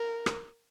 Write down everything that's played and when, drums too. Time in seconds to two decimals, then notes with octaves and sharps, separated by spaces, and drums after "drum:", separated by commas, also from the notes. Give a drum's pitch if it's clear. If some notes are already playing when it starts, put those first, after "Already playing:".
Already playing: A#4
0.26 drum: rim click